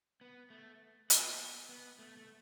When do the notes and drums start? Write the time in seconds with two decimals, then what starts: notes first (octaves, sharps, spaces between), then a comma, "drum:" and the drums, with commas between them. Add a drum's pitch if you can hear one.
0.21 B3
0.50 A3
1.10 B3, drum: hi-hat
1.69 B3
1.99 A3
2.17 A3